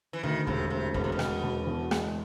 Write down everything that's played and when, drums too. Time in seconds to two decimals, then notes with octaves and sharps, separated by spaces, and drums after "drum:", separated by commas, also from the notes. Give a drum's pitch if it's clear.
0.13 E3
0.23 D2 D#3
0.47 E1 C3, drum: kick
0.70 D2 C3
0.94 E1 B2, drum: kick
1.04 C3
1.12 B2
1.19 E1, drum: rim click
1.43 E1
1.67 E2
1.91 G#3, drum: rim click